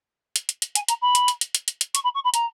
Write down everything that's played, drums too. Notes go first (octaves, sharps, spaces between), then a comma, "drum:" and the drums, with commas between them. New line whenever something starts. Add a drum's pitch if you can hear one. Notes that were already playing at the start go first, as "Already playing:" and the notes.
drum: hi-hat
drum: hi-hat
drum: hi-hat
G#5, drum: hi-hat
A#5, drum: hi-hat
B5
drum: hi-hat
drum: hi-hat
drum: hi-hat
drum: hi-hat
drum: hi-hat
drum: hi-hat
C#6, drum: hi-hat
B5
C#6
B5
A#5, drum: hi-hat